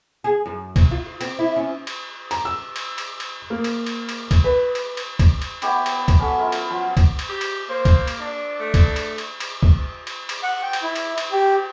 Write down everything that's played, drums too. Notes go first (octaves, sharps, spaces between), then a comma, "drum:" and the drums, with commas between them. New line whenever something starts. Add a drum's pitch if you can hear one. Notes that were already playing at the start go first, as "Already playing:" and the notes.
G#4
F#2
C3, drum: kick, cymbal
F4
F4
C4, drum: cymbal
E4
C#4
drum: cymbal
A#5, drum: cymbal
E6
drum: cymbal
drum: cymbal
drum: cymbal
A#3
drum: cymbal
drum: cymbal
drum: cymbal
drum: kick, cymbal
B4
drum: cymbal
drum: cymbal
drum: kick, cymbal
drum: cymbal
B3 E4 G4 C#5, drum: cymbal
drum: cymbal
drum: kick, cymbal
F#3 C#4 A4
E4 F4 A#4 E5
drum: cymbal
F3 F#3 F4
drum: kick, cymbal
drum: cymbal
G4
drum: cymbal
A#3 C5
drum: kick, cymbal
drum: cymbal
D4
A3
drum: kick, cymbal
drum: cymbal
drum: cymbal
drum: cymbal
drum: kick
drum: cymbal
drum: cymbal
F#5
G5
drum: cymbal
E4
drum: cymbal
drum: cymbal
G4